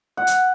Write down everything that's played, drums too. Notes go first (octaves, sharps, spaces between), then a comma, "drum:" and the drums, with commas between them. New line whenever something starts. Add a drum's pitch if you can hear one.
F#5
drum: hi-hat